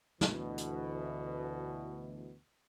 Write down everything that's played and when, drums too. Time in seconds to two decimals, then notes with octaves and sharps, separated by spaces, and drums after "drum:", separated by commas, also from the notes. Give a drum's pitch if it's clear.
0.21 D2 B2 E3, drum: snare
0.58 drum: hi-hat